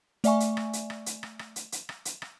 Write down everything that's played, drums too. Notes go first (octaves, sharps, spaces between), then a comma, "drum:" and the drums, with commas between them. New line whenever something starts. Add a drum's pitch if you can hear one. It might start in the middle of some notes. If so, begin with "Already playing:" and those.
A3 D5 E5 G#5 C#6, drum: hi-hat
drum: hi-hat
drum: rim click
drum: hi-hat
drum: rim click
drum: hi-hat
drum: rim click
drum: rim click
drum: hi-hat
drum: hi-hat
drum: rim click
drum: hi-hat
drum: rim click